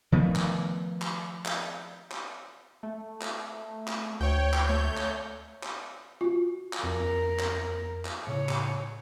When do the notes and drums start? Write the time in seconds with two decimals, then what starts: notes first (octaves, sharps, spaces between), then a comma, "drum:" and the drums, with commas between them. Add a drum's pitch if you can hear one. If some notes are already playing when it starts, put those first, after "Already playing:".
0.12 D#3 F3 A3 B3
0.36 drum: clap
1.02 drum: clap
1.46 drum: clap
2.11 drum: clap
2.83 A3
3.21 drum: clap
3.87 drum: clap
4.21 D2 C#5 G5
4.53 drum: clap
4.67 A3 C#5 G6
4.97 drum: clap
5.63 drum: clap
6.21 F4 F#4
6.73 drum: clap
6.83 F2 A#4
7.39 drum: clap
8.05 drum: clap
8.27 A2 C#3 C#5
8.49 drum: clap